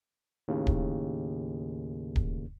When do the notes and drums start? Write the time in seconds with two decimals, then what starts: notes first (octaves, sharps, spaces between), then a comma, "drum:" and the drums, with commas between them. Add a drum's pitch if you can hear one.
0.48 D#2 A2 C#3
0.67 drum: kick D1
2.16 drum: kick D1